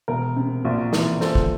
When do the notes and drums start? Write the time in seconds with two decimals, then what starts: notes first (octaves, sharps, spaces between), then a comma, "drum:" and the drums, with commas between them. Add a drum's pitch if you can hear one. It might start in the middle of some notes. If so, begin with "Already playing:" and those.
0.08 E1 A#4
0.36 C3
0.65 A#1
0.93 E3, drum: snare
1.21 A#2 A4 C5, drum: snare
1.35 drum: kick